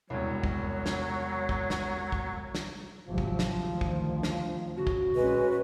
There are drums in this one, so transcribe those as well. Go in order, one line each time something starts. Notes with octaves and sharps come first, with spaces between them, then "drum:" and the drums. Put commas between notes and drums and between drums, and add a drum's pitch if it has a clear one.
E1 C2 F#3 C#5
drum: kick
drum: snare
drum: kick
drum: snare
drum: kick
drum: snare
G#1 C3 F3 F#3
drum: kick
drum: snare
D2 D#3
drum: kick
drum: snare
C#3 F#4
drum: kick
A#2 G#3 C#4 B4